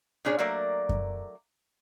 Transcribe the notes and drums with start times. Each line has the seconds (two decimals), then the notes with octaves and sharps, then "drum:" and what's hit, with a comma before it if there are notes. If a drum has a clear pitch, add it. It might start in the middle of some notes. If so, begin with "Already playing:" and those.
0.25 A#2 C#4 D4 G#4 C#5
0.39 F#3 A3 A#3 A#4 D5
0.89 drum: kick F#2